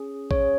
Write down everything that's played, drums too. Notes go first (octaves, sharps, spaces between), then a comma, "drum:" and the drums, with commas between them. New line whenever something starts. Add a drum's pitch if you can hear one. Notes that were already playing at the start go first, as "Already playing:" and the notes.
Already playing: C#4 G#4
C#4 G#4 C#5, drum: kick A#1